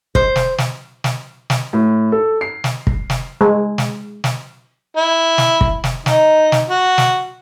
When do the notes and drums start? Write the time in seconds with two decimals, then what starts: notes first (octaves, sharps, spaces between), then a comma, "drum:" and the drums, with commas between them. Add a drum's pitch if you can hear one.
0.15 C5, drum: kick
0.36 drum: snare
0.58 drum: snare
1.04 drum: snare
1.50 drum: snare
1.73 A2
2.12 A4
2.41 C7
2.64 drum: snare
2.87 drum: kick
3.10 drum: snare
3.41 G#3
3.78 drum: snare
4.24 drum: snare
4.96 E4
5.38 drum: snare
5.61 drum: kick
5.84 drum: snare
6.06 D#4, drum: snare
6.52 drum: snare
6.68 F#4
6.98 drum: snare